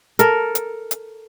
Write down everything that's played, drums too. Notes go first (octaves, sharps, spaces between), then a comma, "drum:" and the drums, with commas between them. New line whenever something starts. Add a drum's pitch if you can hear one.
A4 A#4, drum: hi-hat
drum: hi-hat
drum: hi-hat